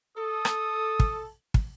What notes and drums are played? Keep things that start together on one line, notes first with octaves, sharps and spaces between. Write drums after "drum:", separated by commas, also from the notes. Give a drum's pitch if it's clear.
A4 D#6
drum: rim click
drum: kick
drum: kick